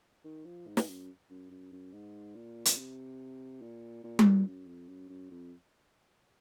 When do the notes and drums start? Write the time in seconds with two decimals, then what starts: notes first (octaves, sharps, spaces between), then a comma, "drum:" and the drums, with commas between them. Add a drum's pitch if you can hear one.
0.24 D#3
0.45 F3
0.67 G#2
0.77 drum: snare
0.88 F#2
1.30 F#2
1.51 F#2
1.72 F#2
1.93 G#2
2.35 A#2
2.65 drum: hi-hat
2.78 C3
3.62 A#2
4.04 A#2
4.19 drum: tom G3
4.46 F#2
4.67 F2
4.88 F#2
5.09 F#2
5.31 F2